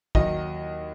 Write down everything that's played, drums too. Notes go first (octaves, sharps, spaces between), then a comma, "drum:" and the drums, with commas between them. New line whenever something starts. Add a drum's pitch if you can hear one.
D#2 D#3 F#3 D#5, drum: kick